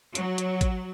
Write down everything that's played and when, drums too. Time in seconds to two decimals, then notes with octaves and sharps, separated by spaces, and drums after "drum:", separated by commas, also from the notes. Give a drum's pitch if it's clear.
0.15 F#3, drum: hi-hat
0.38 drum: hi-hat
0.61 drum: kick, hi-hat